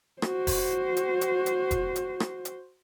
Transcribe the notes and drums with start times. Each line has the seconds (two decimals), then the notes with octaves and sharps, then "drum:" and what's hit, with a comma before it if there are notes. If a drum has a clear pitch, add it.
0.22 F#4 C5, drum: rim click
0.47 drum: kick F1, open hi-hat
0.97 drum: hi-hat
1.21 drum: hi-hat
1.46 drum: hi-hat
1.71 drum: kick F1, hi-hat
1.96 drum: hi-hat
2.20 drum: rim click
2.45 drum: hi-hat